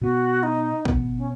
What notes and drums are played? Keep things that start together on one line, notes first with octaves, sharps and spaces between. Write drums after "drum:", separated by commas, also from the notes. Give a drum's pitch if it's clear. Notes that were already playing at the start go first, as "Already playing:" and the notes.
B2 B3 F#4
D#4
B2 B3, drum: kick
C#4